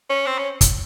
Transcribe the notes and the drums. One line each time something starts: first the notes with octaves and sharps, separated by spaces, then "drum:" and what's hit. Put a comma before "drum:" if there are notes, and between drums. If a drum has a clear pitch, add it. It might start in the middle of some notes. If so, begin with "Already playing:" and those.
C#4
C4
C#4
drum: kick, hi-hat